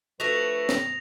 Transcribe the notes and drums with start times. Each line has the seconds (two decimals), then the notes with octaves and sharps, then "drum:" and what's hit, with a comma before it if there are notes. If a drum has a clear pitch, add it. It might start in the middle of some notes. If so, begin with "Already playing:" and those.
0.20 F3 A3 D4 F#4 B4 D#6 A#6 F7
0.69 drum: snare